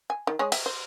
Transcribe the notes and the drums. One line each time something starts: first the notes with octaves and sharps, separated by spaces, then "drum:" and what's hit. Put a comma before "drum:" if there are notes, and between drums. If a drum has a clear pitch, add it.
G#5
D#3
G#3 G#4 C#5
E5 G5, drum: cymbal
C5